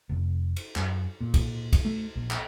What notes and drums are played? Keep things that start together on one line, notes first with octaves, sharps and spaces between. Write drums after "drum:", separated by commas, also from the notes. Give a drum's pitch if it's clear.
F1
drum: cymbal
F#2, drum: clap
A#2
drum: kick, cymbal
drum: kick, cymbal
A3
A#1
drum: clap